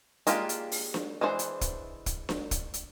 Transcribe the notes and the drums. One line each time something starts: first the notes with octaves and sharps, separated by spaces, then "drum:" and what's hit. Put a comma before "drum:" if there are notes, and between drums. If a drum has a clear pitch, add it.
G#3 A#3 D4 F4 G4, drum: hi-hat
drum: hi-hat
drum: open hi-hat
drum: snare D4
E3 G#3 D4 C5 F#5
drum: hi-hat
drum: kick, hi-hat
drum: kick, hi-hat
drum: snare D4
drum: kick, hi-hat
drum: hi-hat